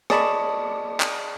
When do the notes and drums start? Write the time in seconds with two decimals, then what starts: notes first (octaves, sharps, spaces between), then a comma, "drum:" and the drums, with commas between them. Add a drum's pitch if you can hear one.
0.10 G#4 D5 D#5 A5 B5 C#6, drum: rim click
1.00 drum: clap